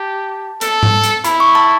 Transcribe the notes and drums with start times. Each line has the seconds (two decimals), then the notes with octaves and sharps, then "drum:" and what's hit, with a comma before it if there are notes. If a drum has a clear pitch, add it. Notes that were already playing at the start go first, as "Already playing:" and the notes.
Already playing: G4 A5
0.61 A4, drum: hi-hat
0.83 drum: tom G#2
1.04 drum: hi-hat
1.24 E4 B5, drum: hi-hat
1.40 C#6
1.55 A5